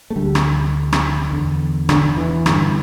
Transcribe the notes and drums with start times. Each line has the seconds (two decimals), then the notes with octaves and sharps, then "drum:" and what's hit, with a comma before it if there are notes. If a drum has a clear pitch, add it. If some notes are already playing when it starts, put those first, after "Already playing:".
0.10 A3
0.16 D2 D3 G3
0.35 drum: rim click
0.93 drum: rim click
1.31 E2 D3
1.89 D3, drum: rim click
2.17 E3
2.46 G2 D3, drum: rim click